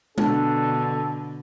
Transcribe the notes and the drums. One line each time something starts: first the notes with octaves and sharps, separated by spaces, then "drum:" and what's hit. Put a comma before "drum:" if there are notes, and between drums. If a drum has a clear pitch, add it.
B2 D3 D4 A4, drum: tom G#3